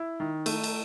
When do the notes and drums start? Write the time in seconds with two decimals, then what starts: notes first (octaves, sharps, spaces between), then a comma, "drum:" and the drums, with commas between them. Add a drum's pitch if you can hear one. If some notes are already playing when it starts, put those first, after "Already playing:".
Already playing: E4
0.20 D#3
0.46 A3, drum: cymbal
0.64 drum: cymbal